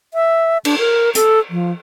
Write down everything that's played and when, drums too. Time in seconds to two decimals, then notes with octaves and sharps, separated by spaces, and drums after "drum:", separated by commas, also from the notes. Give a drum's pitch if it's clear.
0.14 E5
0.65 D4, drum: cymbal
0.78 A#4
1.15 A4, drum: hi-hat
1.50 F3